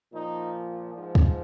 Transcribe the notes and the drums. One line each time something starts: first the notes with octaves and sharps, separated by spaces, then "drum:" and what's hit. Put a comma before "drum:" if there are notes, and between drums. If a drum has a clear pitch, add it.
A#2 F3 D#4
G#2 F3
drum: kick